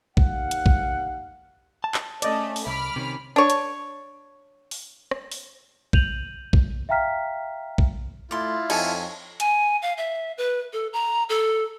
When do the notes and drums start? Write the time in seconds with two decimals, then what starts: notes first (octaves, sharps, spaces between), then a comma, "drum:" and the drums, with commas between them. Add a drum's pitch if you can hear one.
0.17 D#2 F5 F#5, drum: kick A#1
0.51 drum: hi-hat
0.66 drum: kick A#1
1.84 A5
1.94 drum: clap
2.22 A3 C#4 D5 D#5, drum: hi-hat
2.56 drum: open hi-hat
2.67 C2 B5 D6 F6
2.96 C3 D#3 C#4
3.36 D4 C#5
3.50 drum: hi-hat
4.71 drum: open hi-hat
5.11 drum: rim click
5.32 drum: open hi-hat
5.93 G6 D#7 F7 F#7, drum: kick A#1
6.53 drum: kick A#1
6.89 E5 F5 G5 A#5 F6 B6
7.78 drum: kick A#1
8.31 A3 E4 F4 D5 C6
8.70 F2 D#4 A4 C#5 G#5 A5, drum: cymbal
9.40 G#5, drum: hi-hat
9.82 F5
9.97 E5
10.38 B4
10.73 A4
10.93 A#5
11.29 A4